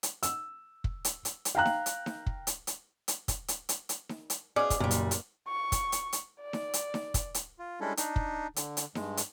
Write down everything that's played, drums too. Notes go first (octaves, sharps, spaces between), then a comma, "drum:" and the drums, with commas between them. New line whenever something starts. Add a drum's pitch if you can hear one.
drum: hi-hat
E6, drum: hi-hat
drum: kick
drum: hi-hat
drum: hi-hat
drum: hi-hat
F5 G5 A#5 F#6
drum: snare D#4
drum: hi-hat
drum: snare D#4
drum: kick
drum: hi-hat
drum: hi-hat
drum: hi-hat
drum: kick, hi-hat
drum: hi-hat
drum: hi-hat
drum: hi-hat
drum: snare D#4
drum: hi-hat
B2 C#4 F4 G#4 D5
drum: kick, hi-hat
F#1 A#2 G3
drum: hi-hat
drum: hi-hat
C#6
drum: kick, hi-hat
drum: hi-hat
drum: hi-hat
D5
drum: snare D#4
drum: hi-hat
drum: snare D#4
drum: kick, hi-hat
drum: hi-hat
F4
G3 G#3 C#4 D4 E4 A4
D4 D#4, drum: hi-hat
drum: kick
D3, drum: hi-hat
drum: hi-hat
G2 G#3, drum: snare D#4
drum: hi-hat